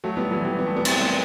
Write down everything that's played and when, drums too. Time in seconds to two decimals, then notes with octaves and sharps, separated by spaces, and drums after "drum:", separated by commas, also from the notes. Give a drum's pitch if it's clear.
0.04 F#3 A3
0.17 G3 B3
0.31 E3 G3
0.45 E3 G3
0.59 B3
0.67 A3
0.76 G3 B3
0.85 A3 C4, drum: cymbal